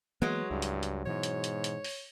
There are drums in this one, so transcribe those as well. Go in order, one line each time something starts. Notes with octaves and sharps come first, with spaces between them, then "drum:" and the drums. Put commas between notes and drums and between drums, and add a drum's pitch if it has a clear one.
E3 F#3 G#3 A#3 B3 B4
C#2 G2 E4
drum: hi-hat
drum: hi-hat
G#2 B2 E3 C#5
drum: hi-hat
drum: hi-hat
drum: hi-hat
drum: open hi-hat